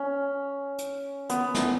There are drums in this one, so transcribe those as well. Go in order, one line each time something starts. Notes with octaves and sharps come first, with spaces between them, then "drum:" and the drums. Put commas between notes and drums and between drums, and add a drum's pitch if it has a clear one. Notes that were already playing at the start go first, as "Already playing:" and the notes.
Already playing: C#4
drum: hi-hat
B3, drum: hi-hat
drum: snare